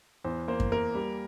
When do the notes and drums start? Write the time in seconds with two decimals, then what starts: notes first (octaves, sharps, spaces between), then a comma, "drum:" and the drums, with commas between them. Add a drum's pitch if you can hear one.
0.24 E2 C5
0.48 A#3 C5
0.60 drum: kick F#2
0.72 A#3 A#4
0.95 G3